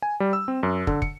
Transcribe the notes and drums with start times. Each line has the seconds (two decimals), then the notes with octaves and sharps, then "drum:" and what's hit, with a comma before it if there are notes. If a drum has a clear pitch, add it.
0.02 G#5
0.20 G3
0.33 E6
0.48 C4
0.63 F#2
0.87 D3, drum: kick
1.02 C#7, drum: kick